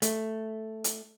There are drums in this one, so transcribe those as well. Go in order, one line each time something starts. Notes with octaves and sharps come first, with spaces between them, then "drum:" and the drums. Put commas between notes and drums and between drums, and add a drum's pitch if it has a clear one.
A3, drum: hi-hat
drum: hi-hat